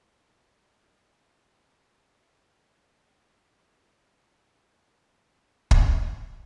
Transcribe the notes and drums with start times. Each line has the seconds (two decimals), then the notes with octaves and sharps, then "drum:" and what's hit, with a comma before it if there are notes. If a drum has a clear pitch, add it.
0.14 B2
0.43 A#2
0.74 F3
1.92 F#3
2.22 F3
2.51 D#3
2.81 B2
3.26 A#2
3.71 B2
4.00 B2
4.30 D#3
4.60 F#3
4.89 F3
5.19 F3
5.71 drum: kick